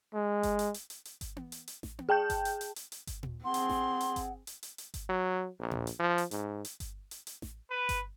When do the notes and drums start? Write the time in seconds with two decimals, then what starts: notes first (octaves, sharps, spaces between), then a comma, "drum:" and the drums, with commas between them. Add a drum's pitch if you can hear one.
0.14 G#3
0.43 drum: kick G1, hi-hat
0.59 drum: hi-hat
0.74 drum: hi-hat
0.90 drum: hi-hat
1.05 drum: hi-hat
1.21 drum: kick G1, hi-hat
1.36 drum: tom B3
1.52 drum: hi-hat
1.68 drum: hi-hat
1.83 drum: snare A1
1.99 drum: tom B3
2.09 G#4 G5 A5 G6
2.30 drum: kick G1, hi-hat
2.45 drum: hi-hat
2.61 drum: hi-hat
2.76 drum: hi-hat
2.92 drum: hi-hat
3.07 drum: kick G1, hi-hat
3.23 drum: tom A#2
3.45 C4 G#4 F#5 C6
3.54 drum: hi-hat
3.69 drum: snare A1
4.01 drum: hi-hat
4.16 drum: kick G1, hi-hat
4.47 drum: hi-hat
4.63 drum: hi-hat
4.78 drum: hi-hat
4.94 drum: kick G1, hi-hat
5.09 F#3
5.60 A#1
5.71 drum: tom A#2
5.87 drum: hi-hat
5.99 F3
6.18 drum: hi-hat
6.31 G#2, drum: hi-hat
6.65 drum: hi-hat
6.80 drum: kick G1, hi-hat
7.11 drum: hi-hat
7.27 drum: hi-hat
7.42 drum: snare A1
7.70 B4
7.89 drum: kick G1, hi-hat